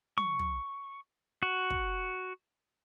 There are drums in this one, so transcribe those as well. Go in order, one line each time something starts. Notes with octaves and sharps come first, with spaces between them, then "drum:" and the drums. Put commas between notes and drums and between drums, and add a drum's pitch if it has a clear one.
C#6, drum: tom
drum: tom
F#4
drum: kick